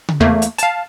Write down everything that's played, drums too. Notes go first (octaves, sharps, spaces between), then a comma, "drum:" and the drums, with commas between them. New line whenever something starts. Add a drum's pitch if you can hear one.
drum: tom C#3
E2 A3 A#3
drum: hi-hat
F5 A5, drum: hi-hat